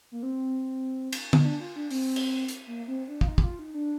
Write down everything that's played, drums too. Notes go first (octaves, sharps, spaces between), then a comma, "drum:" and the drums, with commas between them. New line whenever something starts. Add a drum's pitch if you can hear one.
A#3
C4
drum: cymbal
D#4, drum: tom
D4
F4
D4
C4, drum: open hi-hat
drum: cymbal
drum: hi-hat
A#3
C4
D4
F4, drum: kick
D#4
G4, drum: kick
F4
D#4
D4